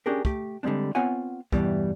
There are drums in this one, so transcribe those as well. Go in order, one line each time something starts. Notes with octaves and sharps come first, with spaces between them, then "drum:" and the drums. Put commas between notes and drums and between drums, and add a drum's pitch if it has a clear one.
C#4 D4 G4 G#4 A#4
A3 G4, drum: kick
D3 G3 G#3 C4 D4
B3 C4 F4 C#5 F#5 G#5
E2 G2 B2 E3 G3, drum: kick